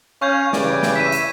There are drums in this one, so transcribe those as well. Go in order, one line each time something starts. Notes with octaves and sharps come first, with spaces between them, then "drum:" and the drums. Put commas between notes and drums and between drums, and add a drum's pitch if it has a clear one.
C#4 F5 C#6 G6 G#6
G2 C#3 E3 D5, drum: snare
drum: snare
E5 B6 D#7
drum: hi-hat